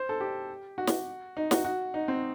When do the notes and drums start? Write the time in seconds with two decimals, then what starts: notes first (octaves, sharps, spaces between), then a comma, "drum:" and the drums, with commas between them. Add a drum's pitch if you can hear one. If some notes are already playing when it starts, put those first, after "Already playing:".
Already playing: C5
0.09 A4
0.21 G4
0.78 F#4
0.87 drum: snare
1.37 D#4
1.51 F#4, drum: snare
1.65 F#4
1.94 D#4
2.08 C4